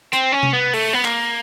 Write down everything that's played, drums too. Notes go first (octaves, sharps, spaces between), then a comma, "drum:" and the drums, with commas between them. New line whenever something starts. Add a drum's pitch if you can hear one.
C4, drum: hi-hat
C#4
drum: tom C3
B3
A3, drum: open hi-hat
B3
A#3, drum: clap